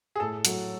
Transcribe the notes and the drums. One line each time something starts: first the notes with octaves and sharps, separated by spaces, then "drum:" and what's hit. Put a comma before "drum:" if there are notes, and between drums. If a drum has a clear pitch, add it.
G#4
A2 A4
F#3 A3, drum: hi-hat